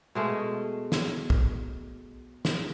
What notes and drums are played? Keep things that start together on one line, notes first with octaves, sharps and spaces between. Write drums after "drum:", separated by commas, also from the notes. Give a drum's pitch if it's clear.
B2 G#3 A3
drum: snare
drum: kick
drum: snare